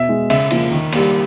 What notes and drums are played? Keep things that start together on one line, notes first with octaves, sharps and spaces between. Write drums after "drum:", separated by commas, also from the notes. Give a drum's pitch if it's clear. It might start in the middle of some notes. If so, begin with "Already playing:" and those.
Already playing: B2 E5
G#3
C#3 E5, drum: cymbal
F3 A#3, drum: cymbal
D#3
G3 A#3, drum: cymbal